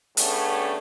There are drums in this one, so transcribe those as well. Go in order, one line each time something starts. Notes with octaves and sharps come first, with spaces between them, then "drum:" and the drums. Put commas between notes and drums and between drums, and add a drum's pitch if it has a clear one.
C#3 G3 A3 B3 C#4 D4, drum: hi-hat